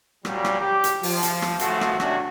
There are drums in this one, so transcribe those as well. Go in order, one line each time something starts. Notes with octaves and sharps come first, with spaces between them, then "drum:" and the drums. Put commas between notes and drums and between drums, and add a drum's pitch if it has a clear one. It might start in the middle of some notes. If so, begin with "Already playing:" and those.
A#2 F#3 G3, drum: rim click
drum: rim click
G4
drum: hi-hat
F3, drum: open hi-hat
drum: hi-hat
drum: rim click
G#1 D#2 F3 A3 F#4, drum: hi-hat
drum: rim click
C3 A3 C#4 D4 F#4, drum: rim click